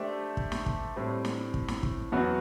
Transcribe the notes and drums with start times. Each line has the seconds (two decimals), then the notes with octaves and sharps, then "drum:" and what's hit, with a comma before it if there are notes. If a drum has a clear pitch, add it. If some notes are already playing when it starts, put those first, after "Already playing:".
Already playing: A3 D4 G4 C5 E5
0.37 drum: kick
0.52 drum: snare
0.66 drum: kick
0.96 A2 G3 C4
1.25 drum: snare
1.54 drum: kick
1.68 drum: snare
1.83 drum: kick
2.12 E2 B2 F#3 B3 F#4